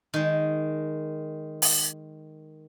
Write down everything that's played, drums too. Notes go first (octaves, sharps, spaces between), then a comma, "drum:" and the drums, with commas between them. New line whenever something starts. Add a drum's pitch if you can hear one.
D#3 G#3
drum: open hi-hat